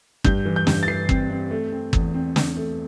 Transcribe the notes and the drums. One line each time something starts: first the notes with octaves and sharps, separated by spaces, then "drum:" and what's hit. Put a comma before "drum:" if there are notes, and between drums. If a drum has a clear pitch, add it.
G2 G6, drum: kick
E3
G6
G2, drum: snare
A6
E3 C7
C4, drum: kick
C4
A3
C4
E2, drum: kick
C4
E2, drum: snare
A3